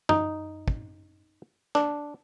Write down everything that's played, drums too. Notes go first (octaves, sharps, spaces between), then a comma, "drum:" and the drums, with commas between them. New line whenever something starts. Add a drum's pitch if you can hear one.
D#4, drum: tom
drum: kick
D4, drum: rim click